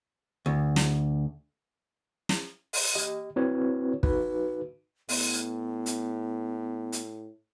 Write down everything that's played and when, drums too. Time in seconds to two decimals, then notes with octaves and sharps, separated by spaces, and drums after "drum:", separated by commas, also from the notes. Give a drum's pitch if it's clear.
0.46 D2
0.76 drum: snare
2.29 drum: snare
2.73 drum: open hi-hat
2.95 G4 D#5
3.36 C4 E4 F#4 B4 C#5
4.03 D#4 F#4 B4, drum: kick
5.09 A2 B3, drum: open hi-hat
5.86 drum: hi-hat
6.92 drum: hi-hat